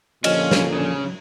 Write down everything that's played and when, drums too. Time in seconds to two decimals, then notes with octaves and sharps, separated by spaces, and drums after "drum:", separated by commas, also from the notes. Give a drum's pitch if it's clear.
0.24 A#2 D3 F3 C#4 D#5 F6 E7, drum: cymbal
0.51 drum: snare
0.74 C#3 C#4